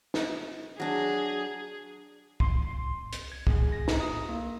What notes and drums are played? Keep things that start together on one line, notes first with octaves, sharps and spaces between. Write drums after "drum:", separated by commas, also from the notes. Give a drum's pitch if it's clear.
drum: snare
F#3 D4 G#4
C6, drum: kick
drum: hi-hat
G#6
G#4, drum: kick
A#6
A#5, drum: snare
D#6
A#3